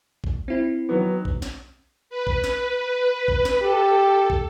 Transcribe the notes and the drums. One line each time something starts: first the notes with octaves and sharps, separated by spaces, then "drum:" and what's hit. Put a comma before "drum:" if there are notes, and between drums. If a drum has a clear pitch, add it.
drum: kick
C4 E4
D#3 F#3 B3
drum: kick
drum: snare
B4
drum: kick
drum: snare
drum: kick
drum: snare
G4 A4
drum: kick